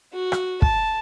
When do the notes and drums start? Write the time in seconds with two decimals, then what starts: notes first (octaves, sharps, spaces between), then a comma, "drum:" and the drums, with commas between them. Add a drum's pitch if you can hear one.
0.13 F#4
0.32 drum: rim click
0.62 A5, drum: kick